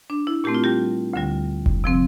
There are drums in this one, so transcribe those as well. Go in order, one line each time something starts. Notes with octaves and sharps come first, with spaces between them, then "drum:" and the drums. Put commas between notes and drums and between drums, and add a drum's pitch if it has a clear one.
D4
E4
A#2 A3 C4 G4
F4
G3 G4
D2 D3 G3
drum: kick F1
C3 F3 C4